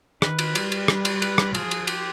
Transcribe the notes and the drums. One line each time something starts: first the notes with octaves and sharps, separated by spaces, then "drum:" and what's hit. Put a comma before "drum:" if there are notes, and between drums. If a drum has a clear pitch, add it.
D#3 B4, drum: rim click
drum: cymbal
G3, drum: cymbal
drum: cymbal
drum: rim click
drum: cymbal
B4, drum: cymbal
drum: rim click
F3 G#4, drum: cymbal
drum: cymbal
G4, drum: cymbal